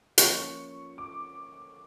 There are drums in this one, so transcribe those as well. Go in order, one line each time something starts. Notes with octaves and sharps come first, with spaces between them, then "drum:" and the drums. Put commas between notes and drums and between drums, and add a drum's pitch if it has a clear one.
F3 A#3 C#4 C#6, drum: hi-hat
D6